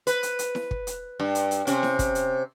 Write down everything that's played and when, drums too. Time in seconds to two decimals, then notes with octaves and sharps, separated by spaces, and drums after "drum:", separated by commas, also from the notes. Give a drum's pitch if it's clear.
0.07 B4, drum: hi-hat
0.23 drum: hi-hat
0.39 drum: hi-hat
0.55 drum: snare E4
0.71 drum: kick
0.87 drum: hi-hat
1.20 G2
1.35 drum: hi-hat
1.51 drum: hi-hat
1.67 C3 C#4, drum: hi-hat
1.83 drum: snare E4
1.99 drum: kick, hi-hat
2.15 drum: hi-hat